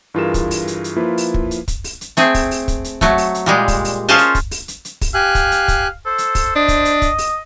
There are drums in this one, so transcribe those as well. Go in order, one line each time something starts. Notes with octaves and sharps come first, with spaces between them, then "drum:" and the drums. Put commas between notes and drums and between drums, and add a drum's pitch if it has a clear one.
G2 E3 F4 G#4 A#4 E7
drum: kick, hi-hat
drum: open hi-hat
drum: hi-hat
drum: hi-hat
F3 A#3 E4 F4 B4
drum: open hi-hat
drum: kick
drum: hi-hat
drum: kick, hi-hat
drum: open hi-hat
drum: hi-hat
A3 C4 G#4, drum: hi-hat
drum: kick, open hi-hat
drum: open hi-hat
drum: kick, hi-hat
drum: hi-hat
F#3 A3, drum: kick, hi-hat
drum: open hi-hat
drum: hi-hat
A#2 G3 G#3
drum: kick, open hi-hat
drum: open hi-hat
C#4 F4 G#4 C5 D#5 A5
drum: hi-hat
drum: kick, hi-hat
drum: open hi-hat
drum: hi-hat
drum: hi-hat
drum: kick, open hi-hat
G4 F5 G#5 F#6
drum: kick, hi-hat
drum: hi-hat
drum: kick, hi-hat
A4 C5
drum: hi-hat
drum: kick, open hi-hat
D4 D#5
drum: kick, hi-hat
drum: hi-hat
drum: kick, hi-hat
drum: open hi-hat